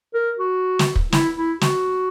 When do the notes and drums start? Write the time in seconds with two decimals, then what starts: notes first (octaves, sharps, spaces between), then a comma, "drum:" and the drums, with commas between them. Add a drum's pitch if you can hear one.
0.14 A#4
0.39 F#4
0.79 drum: snare
0.96 drum: kick
1.12 E4, drum: snare
1.36 E4
1.61 F#4, drum: snare